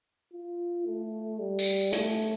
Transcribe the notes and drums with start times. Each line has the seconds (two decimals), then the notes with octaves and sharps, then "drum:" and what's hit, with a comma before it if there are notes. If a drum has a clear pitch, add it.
0.34 F4
0.86 A3
1.39 G3
1.59 drum: tambourine
1.92 A3, drum: hi-hat